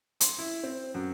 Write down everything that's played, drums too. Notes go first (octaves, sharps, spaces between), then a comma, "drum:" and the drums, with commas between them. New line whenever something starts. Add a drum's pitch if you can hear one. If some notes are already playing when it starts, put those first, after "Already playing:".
C6, drum: hi-hat
E4
C4
F#2